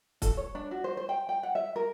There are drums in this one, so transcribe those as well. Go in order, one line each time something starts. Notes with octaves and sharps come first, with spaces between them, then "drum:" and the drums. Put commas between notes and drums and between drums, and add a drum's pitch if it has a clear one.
A4, drum: kick, hi-hat
C#5
D4
F#4
C5
C5
G5
G5
F#5
E5
A#4